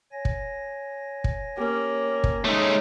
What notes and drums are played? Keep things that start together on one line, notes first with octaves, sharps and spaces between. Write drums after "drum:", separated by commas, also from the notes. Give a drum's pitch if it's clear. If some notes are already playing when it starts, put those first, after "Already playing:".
C#5 G#5 A#6
drum: kick
drum: kick
A#3 C#4 G4
drum: kick
G#3 A3 C#4 D#4 C#5